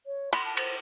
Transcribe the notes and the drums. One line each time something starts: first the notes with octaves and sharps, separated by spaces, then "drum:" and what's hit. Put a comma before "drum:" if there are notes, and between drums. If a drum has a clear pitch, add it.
C#5
B5 C6, drum: cymbal
A5
C5, drum: cymbal